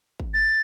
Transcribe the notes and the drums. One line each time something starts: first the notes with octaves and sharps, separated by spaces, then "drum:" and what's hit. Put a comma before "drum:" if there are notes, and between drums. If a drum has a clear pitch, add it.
drum: kick G#1
A6